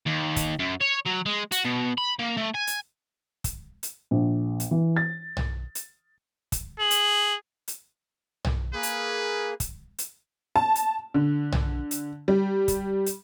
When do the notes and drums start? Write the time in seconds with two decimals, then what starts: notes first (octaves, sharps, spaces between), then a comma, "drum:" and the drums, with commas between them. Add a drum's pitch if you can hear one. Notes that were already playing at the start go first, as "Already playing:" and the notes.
0.07 D#2
0.36 drum: kick, hi-hat
0.59 F#2
0.81 C#5
1.06 F#3
1.26 G#3
1.52 F#4, drum: hi-hat
1.65 B2
1.98 B5
2.19 A#3
2.37 A3
2.54 G#5
2.67 drum: hi-hat
3.44 drum: kick, hi-hat
3.83 drum: hi-hat
4.11 A#1
4.60 drum: hi-hat
4.71 E3
4.96 A6
5.37 drum: tom B1
5.75 drum: hi-hat
6.52 drum: kick, hi-hat
6.80 G#4 F#7
6.91 drum: hi-hat
7.68 drum: hi-hat
8.45 drum: tom B1
8.74 A#3 G#4 B4
8.83 drum: hi-hat
9.60 drum: kick, hi-hat
9.98 drum: hi-hat
10.56 A5
10.75 drum: hi-hat
11.14 D3
11.52 drum: tom B1
11.91 drum: hi-hat
12.28 G3
12.68 drum: kick, hi-hat
13.06 drum: hi-hat